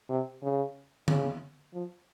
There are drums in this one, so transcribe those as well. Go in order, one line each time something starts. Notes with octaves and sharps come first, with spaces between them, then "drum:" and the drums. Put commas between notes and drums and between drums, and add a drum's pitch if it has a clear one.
C3
C#3
C#3, drum: tom D3
F3